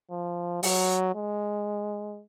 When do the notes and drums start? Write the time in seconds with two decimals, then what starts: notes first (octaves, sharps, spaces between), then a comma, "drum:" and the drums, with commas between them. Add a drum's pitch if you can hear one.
0.11 F3
0.63 F#3, drum: open hi-hat
1.15 G#3